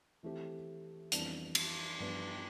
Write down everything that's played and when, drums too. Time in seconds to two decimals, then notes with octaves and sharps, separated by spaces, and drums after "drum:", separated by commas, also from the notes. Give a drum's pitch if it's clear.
0.23 E3 A3 C4 G4
1.12 F2 E3 G3 B3 D4, drum: hi-hat
1.55 drum: cymbal
2.00 G2 F3 B3 F4 B4